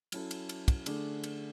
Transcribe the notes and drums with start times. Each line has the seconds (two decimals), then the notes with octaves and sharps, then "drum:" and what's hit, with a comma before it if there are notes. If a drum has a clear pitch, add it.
0.12 F#3 C#4 E4 A4, drum: cymbal
0.31 drum: cymbal
0.49 drum: cymbal
0.68 drum: kick, cymbal
0.86 D3 A3 D4 G#4, drum: cymbal
1.24 drum: cymbal